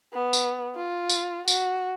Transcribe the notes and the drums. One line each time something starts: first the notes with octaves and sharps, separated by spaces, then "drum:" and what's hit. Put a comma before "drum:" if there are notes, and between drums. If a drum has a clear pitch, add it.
B3
drum: tambourine
F4
drum: tambourine
F#4, drum: tambourine